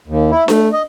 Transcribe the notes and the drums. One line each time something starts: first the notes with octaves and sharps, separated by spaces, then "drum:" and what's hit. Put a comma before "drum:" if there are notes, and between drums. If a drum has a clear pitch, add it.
D#2
E4
A3, drum: snare D4
D#5